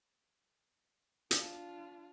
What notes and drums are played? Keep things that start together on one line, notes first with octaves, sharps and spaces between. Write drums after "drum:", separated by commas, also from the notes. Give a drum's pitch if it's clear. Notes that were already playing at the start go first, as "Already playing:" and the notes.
D4 F4, drum: hi-hat